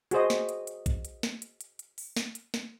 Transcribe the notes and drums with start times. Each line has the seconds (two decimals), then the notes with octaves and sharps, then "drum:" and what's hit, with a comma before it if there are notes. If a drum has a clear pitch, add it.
0.11 F#4 G#4 C5 D#5, drum: hi-hat
0.30 drum: snare
0.49 drum: hi-hat
0.67 drum: hi-hat
0.86 drum: kick A#1, hi-hat
1.05 drum: hi-hat
1.23 drum: snare
1.42 drum: hi-hat
1.61 drum: hi-hat
1.79 drum: hi-hat
1.98 drum: open hi-hat
2.16 drum: snare
2.35 drum: hi-hat
2.54 drum: snare